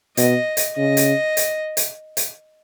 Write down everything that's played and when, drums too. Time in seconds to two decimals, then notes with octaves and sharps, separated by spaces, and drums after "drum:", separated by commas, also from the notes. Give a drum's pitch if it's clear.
0.17 B2 D#5, drum: hi-hat
0.57 drum: hi-hat
0.76 C#3 D#5
0.97 drum: hi-hat
1.37 drum: hi-hat
1.77 drum: hi-hat
2.17 drum: hi-hat